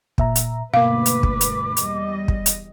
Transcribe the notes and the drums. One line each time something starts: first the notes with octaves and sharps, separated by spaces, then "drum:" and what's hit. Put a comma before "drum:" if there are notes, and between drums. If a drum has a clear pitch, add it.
A#2 E5 A#5, drum: kick
drum: hi-hat
D2 G2 B2 A#3 B4 F5 D6
drum: hi-hat
drum: kick
drum: hi-hat
E2 G3 D#5, drum: hi-hat
drum: kick
drum: hi-hat